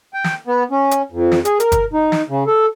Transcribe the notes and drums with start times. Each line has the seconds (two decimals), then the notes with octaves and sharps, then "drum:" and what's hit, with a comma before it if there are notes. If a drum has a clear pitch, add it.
0.14 G5
0.24 drum: snare
0.47 B3
0.71 C#4
0.91 drum: hi-hat
1.12 F2
1.32 drum: snare
1.45 G#4, drum: hi-hat
1.60 A#4, drum: hi-hat
1.72 drum: kick, hi-hat
1.93 D#4
2.12 drum: snare
2.29 C#3
2.47 A4